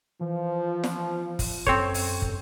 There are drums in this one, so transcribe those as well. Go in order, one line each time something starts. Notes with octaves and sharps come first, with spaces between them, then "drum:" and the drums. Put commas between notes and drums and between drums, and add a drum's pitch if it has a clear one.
E3 F3
drum: snare
drum: kick, open hi-hat
F#2 C4 A4 C5 C#5, drum: kick
drum: open hi-hat
drum: kick